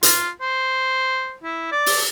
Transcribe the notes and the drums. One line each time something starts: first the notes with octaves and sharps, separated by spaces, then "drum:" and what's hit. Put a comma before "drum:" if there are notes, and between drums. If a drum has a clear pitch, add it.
F4, drum: hi-hat
C5
E4
D5
drum: open hi-hat